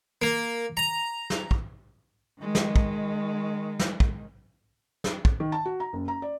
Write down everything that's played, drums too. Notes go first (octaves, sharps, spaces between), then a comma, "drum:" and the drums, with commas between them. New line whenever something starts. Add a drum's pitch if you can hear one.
A#3
A#5
drum: snare
drum: kick
D#3 G#3
drum: snare
drum: kick
drum: snare
drum: kick
drum: snare
drum: kick
D#3
A5
F#4
A#5
F#1
A#5
D5